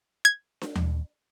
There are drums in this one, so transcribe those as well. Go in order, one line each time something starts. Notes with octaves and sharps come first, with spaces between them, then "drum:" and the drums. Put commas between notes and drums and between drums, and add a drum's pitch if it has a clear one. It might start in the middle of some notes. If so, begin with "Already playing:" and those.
G#6
drum: snare D4
drum: tom D#2